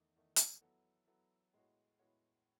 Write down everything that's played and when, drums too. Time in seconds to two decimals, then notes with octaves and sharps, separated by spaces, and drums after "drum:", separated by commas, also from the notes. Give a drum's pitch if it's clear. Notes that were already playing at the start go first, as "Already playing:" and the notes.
Already playing: E2 D#3 A3 D#4
0.16 E2 D#3 A3 D#4
0.36 drum: hi-hat
0.61 F#3 B3 E4 A4
1.07 F#3 B3 E4 A4
1.53 A2 G#3 B3 F#4 C#5
1.99 A2 G#3 B3 F#4 C#5